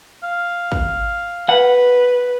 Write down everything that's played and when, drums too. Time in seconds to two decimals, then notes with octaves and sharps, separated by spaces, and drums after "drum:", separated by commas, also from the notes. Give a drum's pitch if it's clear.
0.24 F5
0.72 drum: kick
1.49 B4 F#5